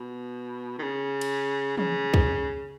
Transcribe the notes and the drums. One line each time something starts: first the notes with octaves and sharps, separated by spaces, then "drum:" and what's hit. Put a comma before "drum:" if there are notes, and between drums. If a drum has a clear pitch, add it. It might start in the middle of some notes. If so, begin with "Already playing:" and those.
Already playing: B2
D#3
C#3
drum: cymbal
C#3, drum: tom E3
drum: kick C2